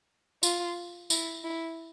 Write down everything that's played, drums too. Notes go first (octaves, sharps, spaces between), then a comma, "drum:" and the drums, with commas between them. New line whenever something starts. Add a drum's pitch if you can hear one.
F4, drum: tambourine
E4, drum: tambourine
E4